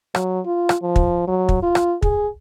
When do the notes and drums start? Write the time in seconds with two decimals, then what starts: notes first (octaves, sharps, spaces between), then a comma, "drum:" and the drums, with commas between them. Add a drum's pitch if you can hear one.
0.15 F#3, drum: rim click
0.46 F4
0.69 drum: rim click
0.82 F3
0.96 drum: kick
1.28 F#3
1.49 drum: kick
1.62 F4
1.75 drum: rim click
2.02 G#4, drum: kick